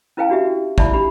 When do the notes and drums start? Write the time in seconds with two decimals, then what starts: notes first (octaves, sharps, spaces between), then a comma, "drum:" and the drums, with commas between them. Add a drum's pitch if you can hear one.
0.17 C#4 E4 B4 F5 G5 A5
0.30 D4 F#4 G4 E5
0.78 E4 D5 E5 A5 B5, drum: kick
0.93 D4 G4 B5